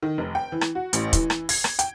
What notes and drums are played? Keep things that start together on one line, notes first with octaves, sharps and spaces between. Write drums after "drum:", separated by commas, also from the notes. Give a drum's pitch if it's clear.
D#3
F1
G5
E3
drum: rim click
F#4
A1, drum: hi-hat
E3, drum: kick, hi-hat
drum: rim click
G#6, drum: open hi-hat
drum: rim click
G5, drum: hi-hat